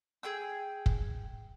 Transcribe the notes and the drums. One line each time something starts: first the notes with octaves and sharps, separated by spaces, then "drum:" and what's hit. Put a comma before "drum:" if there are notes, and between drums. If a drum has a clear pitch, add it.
G#4 G5 E6
drum: kick